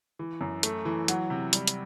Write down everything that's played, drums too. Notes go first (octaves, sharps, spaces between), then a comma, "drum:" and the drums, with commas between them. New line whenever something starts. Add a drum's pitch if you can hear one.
E3
F#2
A3, drum: hi-hat
E3
F#3, drum: hi-hat
C3
G3, drum: hi-hat
drum: hi-hat